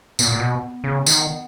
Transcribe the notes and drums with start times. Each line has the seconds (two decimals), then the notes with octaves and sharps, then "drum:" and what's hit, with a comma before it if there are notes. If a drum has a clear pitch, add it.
0.19 A#2 B3, drum: tambourine
0.32 A#2
0.40 B2
0.84 C#3
1.07 D#3, drum: tambourine